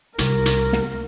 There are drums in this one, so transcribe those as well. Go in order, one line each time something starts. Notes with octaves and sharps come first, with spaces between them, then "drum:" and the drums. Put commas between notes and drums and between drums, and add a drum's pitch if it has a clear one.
C2 A#4, drum: hi-hat
drum: hi-hat
drum: snare